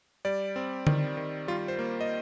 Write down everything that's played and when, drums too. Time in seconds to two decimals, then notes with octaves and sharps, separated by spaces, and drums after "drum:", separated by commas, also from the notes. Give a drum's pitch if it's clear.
0.25 G3 D5
0.56 C4
0.87 D#3, drum: tom D3
1.17 D#3
1.48 G3 F4
1.68 C5
1.79 A#3
2.01 D#5